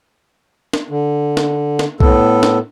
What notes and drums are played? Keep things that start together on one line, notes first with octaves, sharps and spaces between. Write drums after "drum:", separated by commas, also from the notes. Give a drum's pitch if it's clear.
drum: snare
D3
drum: snare
drum: snare
A2 B3 A4, drum: kick B1
drum: snare